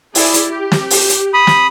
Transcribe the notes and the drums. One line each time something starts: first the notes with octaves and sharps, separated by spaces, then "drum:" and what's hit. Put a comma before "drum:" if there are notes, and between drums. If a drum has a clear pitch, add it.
E4 G#4 D5, drum: open hi-hat
drum: hi-hat
G4
drum: snare
drum: open hi-hat
drum: hi-hat
B5 D#6
drum: snare